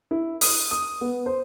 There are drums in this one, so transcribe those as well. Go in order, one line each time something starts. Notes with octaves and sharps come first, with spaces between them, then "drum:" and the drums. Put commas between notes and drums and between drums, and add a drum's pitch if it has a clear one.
E4
D#6, drum: open hi-hat
D#6
B3
C5